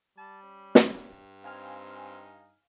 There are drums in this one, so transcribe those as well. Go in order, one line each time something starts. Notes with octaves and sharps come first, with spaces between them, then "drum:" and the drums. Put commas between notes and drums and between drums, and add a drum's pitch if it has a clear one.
G3 A5
C#4
G2, drum: snare
C4 D#4 F5 G#5 F6